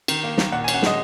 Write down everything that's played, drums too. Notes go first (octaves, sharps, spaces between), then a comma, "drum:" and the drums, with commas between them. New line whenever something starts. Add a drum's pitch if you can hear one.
D#3, drum: cymbal
A#3
D#3, drum: snare
A#2 F#5
G#5
C#4, drum: cymbal
F#5
G#3 D#5, drum: snare